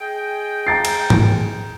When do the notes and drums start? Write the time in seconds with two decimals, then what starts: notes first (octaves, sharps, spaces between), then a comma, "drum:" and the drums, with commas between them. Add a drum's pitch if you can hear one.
0.01 G#4 D#5 G5
0.67 A#5 A6 C7
0.85 drum: cymbal
1.10 drum: tom G#2